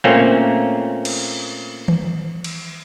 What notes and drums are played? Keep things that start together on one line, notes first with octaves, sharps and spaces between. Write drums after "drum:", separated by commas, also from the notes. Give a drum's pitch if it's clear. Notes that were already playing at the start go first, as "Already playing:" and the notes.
A#2 A3 A#3 C4 C#4
drum: cymbal
drum: tom D#3
drum: cymbal